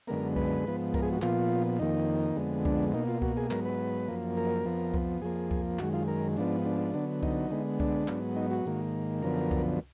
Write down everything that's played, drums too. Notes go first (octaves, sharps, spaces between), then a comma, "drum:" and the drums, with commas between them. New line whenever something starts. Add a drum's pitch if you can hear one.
F#2 D3 G#3 B3 A#4
B4, drum: kick C2
G#2 F3 B3
A#4, drum: kick C2
G#4
F#4
A#2 F3 B3 F4, drum: clap
F2 D#3 A#3 D#4
F2 D3 G#3 B3
D4, drum: kick C2
B2 A#3 D#4
F4
F#4, drum: kick C2
G#4
G#2 F#3 B3 A#4, drum: clap
B4
F#2 F3 A#3
A#4
F2 F3 B3
drum: kick C2
F2 F3 A#3 G#4
drum: kick C2
F#2 D#3 G#3 F#4, drum: clap
F4
A#4
G#2 F3 B3 D4
D4
D3 F#3 B3
D#4, drum: kick C2
D3 G#3 B3
D4, drum: kick C2
G#2 F#3 B3, drum: clap
D#4
F#4
G#2 D#3 A#3
F#2 D3 F3 B3 A#4
drum: kick C2